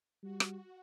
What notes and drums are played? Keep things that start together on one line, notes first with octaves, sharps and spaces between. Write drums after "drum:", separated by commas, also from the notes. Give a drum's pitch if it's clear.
G3 F#4
drum: rim click